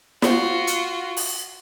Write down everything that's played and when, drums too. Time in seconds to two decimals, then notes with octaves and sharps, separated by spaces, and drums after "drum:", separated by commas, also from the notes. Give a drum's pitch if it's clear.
0.22 F4 F#4, drum: snare
0.67 drum: hi-hat
1.17 drum: open hi-hat